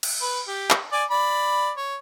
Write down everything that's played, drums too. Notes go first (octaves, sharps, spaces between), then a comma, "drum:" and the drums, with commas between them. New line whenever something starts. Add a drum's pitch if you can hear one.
drum: cymbal
B4
G4
drum: clap
D5 G#5 D6
D5 B5
C#5